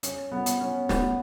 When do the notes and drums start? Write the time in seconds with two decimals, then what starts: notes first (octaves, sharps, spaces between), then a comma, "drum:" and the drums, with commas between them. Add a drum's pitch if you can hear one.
0.03 C#4, drum: hi-hat
0.32 B3
0.46 drum: hi-hat
0.60 C#4
0.89 B3, drum: snare